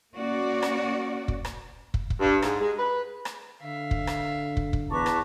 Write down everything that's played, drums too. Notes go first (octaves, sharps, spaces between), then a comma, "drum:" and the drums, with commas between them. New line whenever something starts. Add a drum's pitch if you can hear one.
A#3 C#4 F#4 D5
drum: rim click
drum: kick
drum: rim click
drum: kick
drum: kick
G2
G#2, drum: rim click
G#3
B4
drum: rim click
D3 E5 F5
drum: kick
drum: rim click
drum: kick
drum: kick
E2 B4 A5 A#5 C#6 D6
drum: rim click